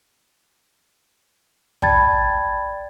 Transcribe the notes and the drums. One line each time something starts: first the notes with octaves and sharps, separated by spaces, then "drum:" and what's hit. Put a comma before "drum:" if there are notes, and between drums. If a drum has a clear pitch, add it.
D5 G5 A5 B5 G#6 A6, drum: kick